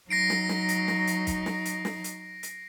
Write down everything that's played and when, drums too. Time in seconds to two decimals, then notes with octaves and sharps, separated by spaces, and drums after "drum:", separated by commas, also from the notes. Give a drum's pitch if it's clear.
0.10 F#3 D#4 A#6 C7 D7
0.30 drum: snare
0.49 drum: snare
0.69 drum: hi-hat
0.88 drum: snare
1.07 drum: hi-hat
1.27 drum: kick, hi-hat
1.46 drum: snare
1.65 drum: hi-hat
1.85 drum: snare
2.04 drum: hi-hat
2.43 drum: hi-hat